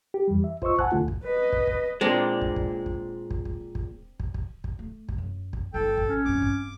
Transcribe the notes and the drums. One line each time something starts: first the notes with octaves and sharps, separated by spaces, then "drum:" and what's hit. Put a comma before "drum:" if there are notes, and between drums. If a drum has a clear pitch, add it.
G4
F2 E3 G3
E5
F4 C5 D#5 C#6 E6, drum: kick
F#5 G#5 A5 F#6, drum: kick
D#2 D3 A3 F4
drum: kick
B4 D#5
drum: kick
drum: kick
A#2 G#3 A#3 C4 D4
drum: kick
drum: kick
drum: kick
drum: kick
drum: kick
drum: kick
drum: kick
drum: kick
drum: kick
A3
drum: kick
F#2
drum: kick
G1 E4 A4 G5
drum: kick
A1 C#4
G2 C4 D6
drum: kick